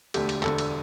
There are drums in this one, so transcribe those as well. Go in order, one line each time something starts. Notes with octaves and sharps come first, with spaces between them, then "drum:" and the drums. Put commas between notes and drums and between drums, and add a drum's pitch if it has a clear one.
E1 D2 D3 A3 G4, drum: cymbal
drum: cymbal
E1 D2 D3 A3 A4, drum: clap
drum: cymbal